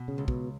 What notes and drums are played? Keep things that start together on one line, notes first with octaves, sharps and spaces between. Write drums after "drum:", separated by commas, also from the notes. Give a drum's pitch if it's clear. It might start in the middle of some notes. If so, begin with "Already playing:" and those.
Already playing: B2
C#3
C#2
B2, drum: kick